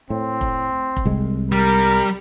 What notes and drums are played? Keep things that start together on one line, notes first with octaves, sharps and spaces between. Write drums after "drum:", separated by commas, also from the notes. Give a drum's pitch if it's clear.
A2 C4
drum: kick F1
drum: kick F1
C2 G#3
G3 A#4